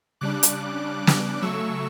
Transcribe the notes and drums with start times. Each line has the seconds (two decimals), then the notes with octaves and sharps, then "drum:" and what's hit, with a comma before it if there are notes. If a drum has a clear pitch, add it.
0.21 C#3 G3 D4 D6 F#6
0.43 drum: hi-hat
1.07 drum: snare
1.42 C#3 F#3 A3 C#6 E6